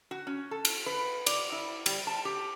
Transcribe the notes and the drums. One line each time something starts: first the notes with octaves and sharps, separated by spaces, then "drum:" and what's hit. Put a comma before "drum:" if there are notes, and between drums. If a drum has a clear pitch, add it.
F#4
C#4
A4
drum: cymbal
B4
D5, drum: cymbal
E4
G3, drum: cymbal
A5
G4